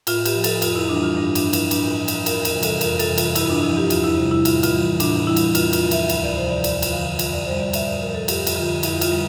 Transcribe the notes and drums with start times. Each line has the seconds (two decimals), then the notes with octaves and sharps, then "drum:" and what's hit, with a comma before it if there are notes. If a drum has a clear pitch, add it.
0.07 A2 F4, drum: cymbal
0.25 G4, drum: cymbal
0.35 F3
0.44 A4, drum: cymbal
0.62 F2 F4, drum: cymbal
0.76 E4
0.89 E3 G3 D4
1.03 F4
1.17 G2 D4
1.35 D4, drum: cymbal
1.44 F3
1.53 E4, drum: cymbal
1.71 A2 D4, drum: cymbal
1.99 F3
2.08 drum: cymbal
2.26 E2 A#4, drum: cymbal
2.45 A#4, drum: cymbal
2.54 C3 E3 G3
2.63 A4, drum: cymbal
2.81 F2 A#4, drum: cymbal
2.99 A4, drum: cymbal
3.08 C3 E3 G3
3.18 F4, drum: cymbal
3.35 G2 E4, drum: cymbal
3.50 D4
3.63 F3 E4
3.77 G4
3.90 E2 F4, drum: cymbal
4.04 E4
4.18 C3 G3
4.31 E4
4.45 A2 F4, drum: cymbal
4.63 F4, drum: cymbal
4.73 E3 G3
5.00 A2 D4, drum: cymbal
5.27 E3 G3 E4
5.36 drum: cymbal
5.55 E2 F4, drum: cymbal
5.73 F4, drum: cymbal
5.82 C3 F3
5.91 E5, drum: cymbal
6.09 D2 E5, drum: cymbal
6.23 D5
6.37 C3 F3 C5
6.50 D5
6.64 E2 D5, drum: cymbal
6.82 drum: cymbal
6.92 D3 F3 F5
7.19 F2, drum: cymbal
7.33 D5
7.46 C3 G3 C5
7.60 D5
7.73 A2 E5, drum: cymbal
7.87 D5
8.01 F3 A#4
8.15 A4
8.28 F2 G4, drum: cymbal
8.47 drum: cymbal
8.56 D3 F3 F4
8.83 F2 E4, drum: cymbal
9.01 F4, drum: cymbal
9.10 D3 G3